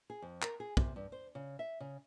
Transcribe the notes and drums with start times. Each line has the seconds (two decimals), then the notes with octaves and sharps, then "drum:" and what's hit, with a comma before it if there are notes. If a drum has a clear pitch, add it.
0.10 G#4
0.22 F2
0.42 A#4, drum: clap
0.60 G#4
0.77 C3, drum: kick
0.96 G2
1.12 C5
1.35 C#3
1.59 E5
1.80 C#3